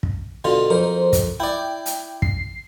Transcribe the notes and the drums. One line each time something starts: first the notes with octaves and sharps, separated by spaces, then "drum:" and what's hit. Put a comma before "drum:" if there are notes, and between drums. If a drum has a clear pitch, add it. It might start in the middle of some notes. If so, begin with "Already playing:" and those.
drum: kick
B2 D3 F4
F2 A#4 C5
drum: kick, hi-hat
E4 D5 G5
drum: hi-hat
C7, drum: kick